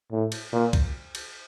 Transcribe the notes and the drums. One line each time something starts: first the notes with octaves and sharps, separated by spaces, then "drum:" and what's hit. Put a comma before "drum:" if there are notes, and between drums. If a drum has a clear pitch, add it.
A2
drum: cymbal
A#2
drum: kick C2, cymbal
drum: cymbal